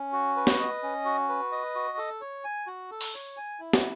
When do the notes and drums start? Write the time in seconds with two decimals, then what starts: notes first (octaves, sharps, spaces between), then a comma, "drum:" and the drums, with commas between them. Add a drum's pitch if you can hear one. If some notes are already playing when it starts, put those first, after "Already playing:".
Already playing: C#4
0.12 F#4
0.36 B4
0.47 drum: snare
0.59 D#5
0.83 C#4
1.05 F#4
1.29 B4
1.52 D#5
1.75 F#4
1.98 A4
2.21 C#5
2.44 G#5
2.67 F#4
2.91 A4
3.01 drum: open hi-hat
3.14 C#5
3.37 G#5
3.60 E4
3.73 drum: snare